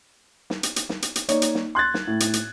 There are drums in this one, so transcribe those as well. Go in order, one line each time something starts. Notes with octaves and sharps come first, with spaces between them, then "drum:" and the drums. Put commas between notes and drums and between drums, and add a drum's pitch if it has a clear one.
drum: snare
drum: hi-hat
drum: hi-hat
drum: snare
drum: hi-hat
drum: hi-hat
A#3 D#4 C#5 D5, drum: hi-hat
drum: hi-hat
drum: snare
C6 F#6 G#6 A6
drum: snare
A2
drum: hi-hat
drum: hi-hat